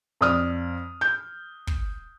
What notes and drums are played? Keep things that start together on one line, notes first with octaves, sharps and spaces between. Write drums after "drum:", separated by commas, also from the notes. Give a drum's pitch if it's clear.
F2 D5 D#6 F6
G6
drum: kick